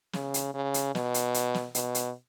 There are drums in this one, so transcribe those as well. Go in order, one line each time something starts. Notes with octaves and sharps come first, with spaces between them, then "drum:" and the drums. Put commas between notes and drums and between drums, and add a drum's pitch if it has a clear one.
C#3, drum: snare
drum: hi-hat
C#3
drum: hi-hat
B2, drum: snare
drum: hi-hat
drum: hi-hat
drum: snare
B2, drum: hi-hat
drum: hi-hat